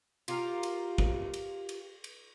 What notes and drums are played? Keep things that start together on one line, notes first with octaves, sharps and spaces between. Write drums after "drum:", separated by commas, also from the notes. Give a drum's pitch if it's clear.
F4 G4 A#4, drum: cymbal
drum: cymbal
drum: kick
drum: cymbal
drum: cymbal
drum: cymbal